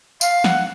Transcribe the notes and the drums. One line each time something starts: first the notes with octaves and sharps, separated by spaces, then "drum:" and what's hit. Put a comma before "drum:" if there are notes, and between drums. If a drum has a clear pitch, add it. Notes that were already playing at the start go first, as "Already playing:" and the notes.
F5, drum: tambourine
F#5, drum: snare